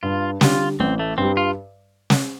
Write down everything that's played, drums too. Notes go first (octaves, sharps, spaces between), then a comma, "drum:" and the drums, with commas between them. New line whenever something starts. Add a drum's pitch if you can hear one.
G2 F4
D3 G3 F4, drum: snare
A1 C4
A3
G2 G3 C4
F4
drum: snare